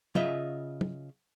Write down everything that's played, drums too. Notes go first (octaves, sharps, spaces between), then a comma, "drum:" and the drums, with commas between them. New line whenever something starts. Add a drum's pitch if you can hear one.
C#3 F4 D#5 E5, drum: tom
drum: tom